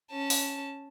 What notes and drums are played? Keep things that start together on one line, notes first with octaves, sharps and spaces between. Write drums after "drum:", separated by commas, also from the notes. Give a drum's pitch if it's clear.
C#4 A5
drum: open hi-hat